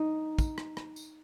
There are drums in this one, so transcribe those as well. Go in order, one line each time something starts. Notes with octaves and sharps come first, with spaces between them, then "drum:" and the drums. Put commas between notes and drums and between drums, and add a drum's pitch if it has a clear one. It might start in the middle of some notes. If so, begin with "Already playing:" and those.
Already playing: D#4
drum: kick, tambourine
drum: rim click
drum: rim click
drum: tambourine